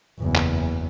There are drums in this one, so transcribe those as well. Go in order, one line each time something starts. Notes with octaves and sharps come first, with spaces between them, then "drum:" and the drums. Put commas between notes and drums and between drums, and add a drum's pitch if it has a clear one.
F#1 E2
drum: clap